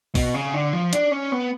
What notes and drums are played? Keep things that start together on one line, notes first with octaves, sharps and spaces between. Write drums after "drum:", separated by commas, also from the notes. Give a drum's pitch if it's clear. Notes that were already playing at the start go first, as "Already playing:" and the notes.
B2, drum: kick B1, open hi-hat
C#3
D3
F3
D4, drum: hi-hat
C#4
B3